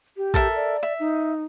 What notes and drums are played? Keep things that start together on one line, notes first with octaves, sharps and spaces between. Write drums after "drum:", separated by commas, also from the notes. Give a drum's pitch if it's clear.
G4
A4 A#4 E5, drum: kick A#1, tambourine
D5
E5
D#4